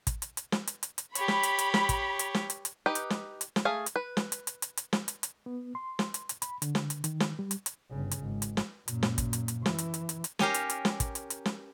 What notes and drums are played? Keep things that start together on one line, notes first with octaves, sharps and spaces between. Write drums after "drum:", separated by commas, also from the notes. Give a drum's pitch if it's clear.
drum: kick, hi-hat
drum: hi-hat
drum: hi-hat
drum: snare
drum: hi-hat
drum: hi-hat
drum: hi-hat
G4 C#5 B5, drum: hi-hat
drum: snare
drum: hi-hat
drum: hi-hat
drum: snare
drum: kick, hi-hat
drum: hi-hat
drum: snare
drum: hi-hat
drum: hi-hat
D#4 G4 B4
drum: hi-hat
drum: snare
drum: hi-hat
drum: snare
A3 G#4 F5
drum: hi-hat
B4
drum: snare
drum: hi-hat
drum: hi-hat
drum: hi-hat
drum: hi-hat
drum: snare
drum: hi-hat
drum: hi-hat
B3
C6
drum: snare
drum: hi-hat
drum: hi-hat
B5, drum: hi-hat
D3, drum: hi-hat
drum: snare
drum: hi-hat
D#3, drum: hi-hat
drum: snare
G3
drum: hi-hat
drum: hi-hat
G1 C#3
drum: hi-hat
G#1
drum: hi-hat
drum: snare
F#2 A#2, drum: hi-hat
drum: snare
drum: kick, hi-hat
drum: hi-hat
drum: hi-hat
E3, drum: snare
drum: hi-hat
drum: hi-hat
drum: hi-hat
drum: hi-hat
C#4 G4 A#4 F5, drum: snare
drum: hi-hat
drum: hi-hat
drum: snare
drum: kick, hi-hat
drum: hi-hat
drum: hi-hat
drum: snare